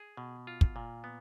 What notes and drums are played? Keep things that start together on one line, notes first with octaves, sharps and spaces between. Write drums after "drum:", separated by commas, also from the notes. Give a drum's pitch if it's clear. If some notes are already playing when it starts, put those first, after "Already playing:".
Already playing: G#4
B2
F4
drum: kick
A#2
B3